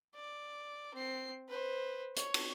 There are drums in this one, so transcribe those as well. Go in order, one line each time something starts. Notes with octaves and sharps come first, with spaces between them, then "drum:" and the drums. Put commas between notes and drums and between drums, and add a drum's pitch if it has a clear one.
D5
C4 C7
B4 C5
C#5, drum: hi-hat
drum: cymbal